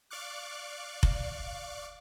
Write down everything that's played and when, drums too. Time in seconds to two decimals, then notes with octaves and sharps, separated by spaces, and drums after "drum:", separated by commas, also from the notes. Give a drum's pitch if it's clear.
0.11 D5 F5 C#6 D6 F#6
1.03 drum: kick F1